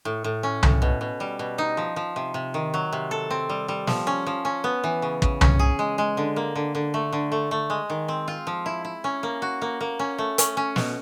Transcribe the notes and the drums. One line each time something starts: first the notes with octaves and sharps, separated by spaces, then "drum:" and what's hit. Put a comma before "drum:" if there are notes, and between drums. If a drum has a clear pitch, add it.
A2
A2
C#4
A2, drum: tom C2
B2
B2
G3
B2
D#4
F3
F3
C3
C3
D#3
F#3
C3
A4
C4
G3
G3
F3, drum: snare
C#4
F3
C#4
B3
E3
C#3
C#3, drum: kick
C#4, drum: tom C2
G#4
G#3
G#3
D3
A#3
D3
D3
A3
D3
A3
A3
G#3
D#3
C4
F4
F3
E4
E4
C#4
A#3
F#4
A#3
A#3
C#4
A3
C#4, drum: hi-hat
C#4
B2, drum: snare